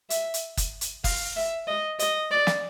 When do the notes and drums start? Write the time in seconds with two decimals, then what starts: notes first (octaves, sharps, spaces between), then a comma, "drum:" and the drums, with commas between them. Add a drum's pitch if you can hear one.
0.10 E5, drum: hi-hat
0.34 drum: hi-hat
0.57 drum: kick F#1, hi-hat
0.81 drum: hi-hat
1.04 F5, drum: kick F#1, open hi-hat
1.36 E5
1.67 D#5
1.99 D#5, drum: hi-hat
2.31 D5
2.47 drum: snare